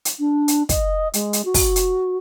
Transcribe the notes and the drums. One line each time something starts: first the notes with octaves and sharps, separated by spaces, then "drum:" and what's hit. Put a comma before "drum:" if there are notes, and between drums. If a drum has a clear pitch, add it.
drum: hi-hat
D4
drum: hi-hat
D#5, drum: kick, hi-hat
G#3, drum: hi-hat
drum: hi-hat
F#4
drum: kick, open hi-hat
drum: hi-hat